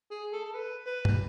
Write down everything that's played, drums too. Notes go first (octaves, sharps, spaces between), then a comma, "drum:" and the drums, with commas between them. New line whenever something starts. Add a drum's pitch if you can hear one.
G#4
A4
A4
B4
B4
drum: tom